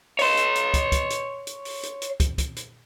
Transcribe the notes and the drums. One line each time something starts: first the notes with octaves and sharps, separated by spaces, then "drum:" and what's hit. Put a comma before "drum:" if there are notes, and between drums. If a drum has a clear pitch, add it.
C#5 C6, drum: open hi-hat
drum: hi-hat
drum: hi-hat
drum: kick, hi-hat
drum: kick, hi-hat
drum: hi-hat
drum: hi-hat
drum: open hi-hat
drum: hi-hat
drum: hi-hat
drum: kick, hi-hat
drum: kick, hi-hat
drum: hi-hat